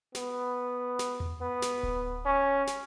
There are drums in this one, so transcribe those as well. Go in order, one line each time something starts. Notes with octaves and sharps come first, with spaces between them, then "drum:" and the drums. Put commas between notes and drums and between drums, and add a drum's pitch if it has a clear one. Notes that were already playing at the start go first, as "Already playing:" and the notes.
B3, drum: snare
drum: snare
drum: tom E2
B3
drum: snare
drum: kick D1
C#4
drum: snare